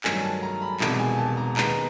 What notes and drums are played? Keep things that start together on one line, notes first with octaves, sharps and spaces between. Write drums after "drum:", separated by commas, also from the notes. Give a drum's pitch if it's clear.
G2 D#3 F#3 A3 G#5, drum: clap
A5
A#5
B5
E1 E2 C3 D#3 A5, drum: clap
G#5
A5
A#5
D#2 D#3 G#3 B3 A#5, drum: clap